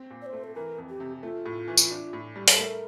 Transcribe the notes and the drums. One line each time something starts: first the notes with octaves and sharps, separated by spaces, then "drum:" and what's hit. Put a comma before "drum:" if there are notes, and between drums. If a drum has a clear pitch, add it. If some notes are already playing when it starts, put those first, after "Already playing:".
Already playing: C4
A#2
D5
C5
A3
A4
E3 A#4
F2
G4
C3
A3 F4
A2
E3
drum: tambourine
D4
A2
G3
A4, drum: open hi-hat
A3 A#4